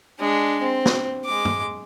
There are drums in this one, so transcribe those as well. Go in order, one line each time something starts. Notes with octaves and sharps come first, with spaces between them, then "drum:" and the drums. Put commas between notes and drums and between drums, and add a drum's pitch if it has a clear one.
G#3 D4
C4
drum: snare
G#3 D6
drum: tom